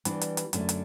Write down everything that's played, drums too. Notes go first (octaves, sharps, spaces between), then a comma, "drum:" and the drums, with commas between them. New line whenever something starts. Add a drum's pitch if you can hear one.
E3 G3 B3 D4, drum: hi-hat
drum: hi-hat
drum: hi-hat
F#2 D3 A3, drum: hi-hat
drum: hi-hat